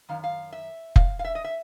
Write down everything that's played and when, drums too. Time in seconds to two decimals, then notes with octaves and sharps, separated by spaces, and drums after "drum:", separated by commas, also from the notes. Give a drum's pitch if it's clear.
0.09 F#2 D#3 F5
0.24 F5
0.52 E5
0.96 F5, drum: kick F1
1.19 F5
1.25 E5
1.35 D#5
1.44 E5